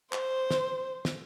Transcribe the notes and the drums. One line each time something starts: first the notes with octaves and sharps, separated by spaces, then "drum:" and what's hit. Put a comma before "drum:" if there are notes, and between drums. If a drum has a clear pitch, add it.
C5, drum: clap
drum: snare
drum: snare